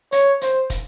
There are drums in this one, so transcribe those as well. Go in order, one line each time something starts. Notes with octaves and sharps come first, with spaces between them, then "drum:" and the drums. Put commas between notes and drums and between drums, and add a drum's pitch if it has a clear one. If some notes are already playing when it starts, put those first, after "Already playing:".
C#5, drum: hi-hat
C5, drum: hi-hat
drum: kick, hi-hat